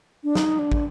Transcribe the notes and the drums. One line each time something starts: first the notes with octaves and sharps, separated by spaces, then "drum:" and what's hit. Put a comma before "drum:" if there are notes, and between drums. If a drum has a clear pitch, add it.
D4
D#4, drum: snare
D4
drum: kick